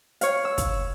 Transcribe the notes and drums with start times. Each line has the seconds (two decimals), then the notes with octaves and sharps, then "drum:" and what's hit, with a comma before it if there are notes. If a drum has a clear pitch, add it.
0.21 C#5 F5, drum: hi-hat
0.45 E6
0.58 drum: kick, hi-hat